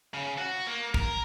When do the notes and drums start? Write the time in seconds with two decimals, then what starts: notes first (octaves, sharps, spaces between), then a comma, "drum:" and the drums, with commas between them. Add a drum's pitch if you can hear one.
0.14 C#3
0.38 F#4
0.67 A#3
0.94 A#4, drum: kick